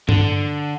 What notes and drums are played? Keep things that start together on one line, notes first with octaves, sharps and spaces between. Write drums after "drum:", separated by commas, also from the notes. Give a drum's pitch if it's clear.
D3, drum: tom G2